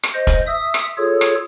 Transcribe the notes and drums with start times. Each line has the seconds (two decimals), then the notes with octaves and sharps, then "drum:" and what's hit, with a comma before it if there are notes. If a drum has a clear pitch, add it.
0.03 drum: rim click
0.14 C5 D#5
0.27 drum: kick, hi-hat
0.47 E5 D#6 E6
0.74 drum: rim click
0.98 F4 G#4 A4 C#5
1.21 drum: rim click